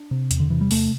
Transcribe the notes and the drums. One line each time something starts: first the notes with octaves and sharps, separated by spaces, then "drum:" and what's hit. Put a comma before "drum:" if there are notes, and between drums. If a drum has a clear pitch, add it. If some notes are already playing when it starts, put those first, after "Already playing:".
Already playing: D4
C3
E2, drum: hi-hat
D3
C3 E3
G3
E2 A3, drum: open hi-hat